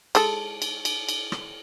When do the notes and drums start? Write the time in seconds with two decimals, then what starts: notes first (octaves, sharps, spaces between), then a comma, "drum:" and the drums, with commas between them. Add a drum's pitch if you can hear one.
0.15 G#3 A4, drum: cymbal
0.62 drum: cymbal
0.85 drum: cymbal
1.09 drum: cymbal
1.32 drum: rim click